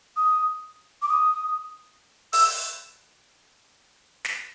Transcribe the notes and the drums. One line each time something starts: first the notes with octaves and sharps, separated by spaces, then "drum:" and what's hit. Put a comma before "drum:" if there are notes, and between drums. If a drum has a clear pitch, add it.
D#6
D6
D#6
E6, drum: open hi-hat
drum: snare